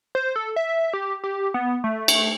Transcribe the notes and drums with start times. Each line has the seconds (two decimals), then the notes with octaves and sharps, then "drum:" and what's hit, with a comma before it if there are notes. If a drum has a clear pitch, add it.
0.15 C5
0.36 A4
0.56 E5
0.93 G4
1.24 G4
1.54 B3
1.84 A3
2.08 drum: cymbal